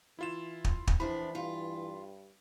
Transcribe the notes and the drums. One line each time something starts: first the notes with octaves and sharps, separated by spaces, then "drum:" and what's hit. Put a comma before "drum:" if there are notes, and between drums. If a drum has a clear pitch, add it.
E3 E4 F4 E7
drum: kick
drum: kick
A2 E3 F3 D4 E4 B5
G2 F4